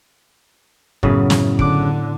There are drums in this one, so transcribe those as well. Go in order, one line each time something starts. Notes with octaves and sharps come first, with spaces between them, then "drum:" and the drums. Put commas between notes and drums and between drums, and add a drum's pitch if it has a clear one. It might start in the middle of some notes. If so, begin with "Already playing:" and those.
F#2 A2 C#3 B3, drum: kick
drum: snare
D3 D6 F#6 D7, drum: kick